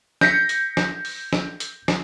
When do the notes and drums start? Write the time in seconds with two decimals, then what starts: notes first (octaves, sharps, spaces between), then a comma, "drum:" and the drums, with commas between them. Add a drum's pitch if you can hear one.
0.21 G6 A#6 B6 C#7, drum: snare
0.49 drum: hi-hat
0.77 drum: snare
1.05 drum: open hi-hat
1.33 drum: snare
1.60 drum: hi-hat
1.88 drum: snare